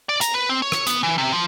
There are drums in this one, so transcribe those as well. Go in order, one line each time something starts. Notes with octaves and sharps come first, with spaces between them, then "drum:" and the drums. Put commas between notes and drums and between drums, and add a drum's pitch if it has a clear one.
D5
A#5, drum: hi-hat
B4
C4
C#5
drum: rim click
B3, drum: hi-hat
E3
C3
F3